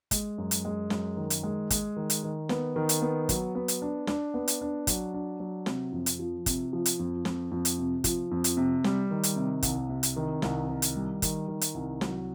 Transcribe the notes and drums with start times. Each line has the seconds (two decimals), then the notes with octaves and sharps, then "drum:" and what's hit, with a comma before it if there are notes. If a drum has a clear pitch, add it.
0.11 G#3, drum: kick, hi-hat
0.38 F#2
0.51 drum: hi-hat
0.65 G#3
0.90 F#2, drum: snare
1.17 D#3
1.30 drum: hi-hat
1.43 G#3
1.70 G#3, drum: kick, hi-hat
1.96 D#3
2.10 drum: hi-hat
2.23 D#3
2.49 B3, drum: snare
2.76 D#3
2.89 drum: hi-hat
3.02 B3
3.29 F#3, drum: kick, hi-hat
3.55 B3
3.68 drum: hi-hat
3.82 D4
4.07 D4, drum: snare
4.34 B3
4.48 drum: hi-hat
4.61 D4
4.87 F#3, drum: kick, hi-hat
5.14 D4
5.40 F#3
5.66 C3, drum: snare
5.92 F2
6.06 drum: hi-hat
6.19 F3
6.46 C3, drum: kick, hi-hat
6.73 F3
6.86 drum: hi-hat
6.99 F2
7.25 F2, drum: snare
7.51 F2
7.65 drum: hi-hat
7.78 C3
8.04 F3, drum: kick, hi-hat
8.31 F2
8.44 drum: hi-hat
8.57 C3
8.84 G3, drum: snare
9.10 D#3
9.23 drum: hi-hat
9.36 C3
9.63 C2, drum: kick, hi-hat
9.89 C3
10.03 drum: hi-hat
10.16 D#3
10.42 C2, drum: snare
10.69 D#3
10.82 drum: hi-hat
10.96 G3
11.22 D#3, drum: kick, hi-hat
11.48 D#3
11.61 drum: hi-hat
11.74 C2
12.01 F#3, drum: snare